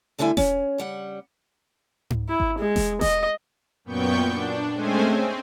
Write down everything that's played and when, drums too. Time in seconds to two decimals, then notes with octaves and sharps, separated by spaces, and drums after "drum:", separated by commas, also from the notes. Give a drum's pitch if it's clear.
0.19 D2 D3 G3 E4 E5 G#5
0.37 C#4, drum: snare E1
0.78 C#3 G3 F#5
2.10 drum: tom G#2
2.29 E4
2.40 drum: kick G#1
2.58 G#3
2.76 drum: snare E1
3.01 D#5, drum: snare E1
3.85 F#2 A#2 B3 G5 C#6 G6
4.27 D4
4.74 G#3 A3 C4 C#4 C5 G#5
5.09 C4